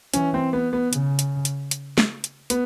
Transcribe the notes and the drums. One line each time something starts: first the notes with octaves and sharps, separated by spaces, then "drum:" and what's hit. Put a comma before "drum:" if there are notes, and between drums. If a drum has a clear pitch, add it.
E3 C#4, drum: hi-hat
C4
B3
B3
C#3, drum: hi-hat
drum: hi-hat
drum: hi-hat
drum: hi-hat
drum: snare
drum: hi-hat
B3, drum: hi-hat